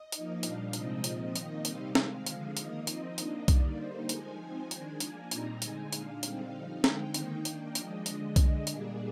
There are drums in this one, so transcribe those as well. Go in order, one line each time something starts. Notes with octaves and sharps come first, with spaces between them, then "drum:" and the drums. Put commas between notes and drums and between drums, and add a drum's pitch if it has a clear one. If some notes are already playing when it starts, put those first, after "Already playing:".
Already playing: D#5
F3 A#3 D#4, drum: hi-hat
A#2 G3 D4 F5, drum: hi-hat
C3 F3 G#3 C4 D#4 D#5, drum: hi-hat
A#2 F3 C4, drum: hi-hat
D#3 A#3 D#4, drum: hi-hat
C3 G3 C4 D#4 F5, drum: hi-hat
D#3 G#3 C4, drum: snare
D3 F3 G#3, drum: hi-hat
D#3 A#3 D#4 D#5, drum: hi-hat
F3 C4 D#4 D#5, drum: hi-hat
D#3 A#3 D4, drum: hi-hat
D3 G3 A#3 D#4 D5, drum: kick B1, hi-hat
D3 G3 A#3 D#4 C5
F3 G#3 D#4 G#5, drum: hi-hat
F3 C4 D#4
D#3 G#3 D4, drum: hi-hat
F3 A#3 D4 G#5, drum: hi-hat
A#2 G3 C4 D#4 A#5, drum: hi-hat
D3 G#3 D#4 G#5, drum: hi-hat
A#2 G#3 D4 F5, drum: hi-hat
D3 G3 C4 D#4 F5, drum: hi-hat
F3 C4 D#4
D3 G#3 C4 D#4 G5, drum: snare
D#3 A#3 D#4, drum: hi-hat
D#3 A#3 D4, drum: hi-hat
F3 G#3 D4 D#5, drum: hi-hat
D3 G#3 D4, drum: hi-hat
D3 G#3 D4, drum: kick B1, hi-hat
A#2 G3 A#3 D4 G#4, drum: hi-hat